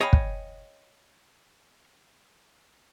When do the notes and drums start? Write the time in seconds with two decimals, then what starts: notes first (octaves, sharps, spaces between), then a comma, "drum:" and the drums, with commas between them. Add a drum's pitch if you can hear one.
0.01 C#5 D#5 F5 G5 G#5 B5
0.13 drum: kick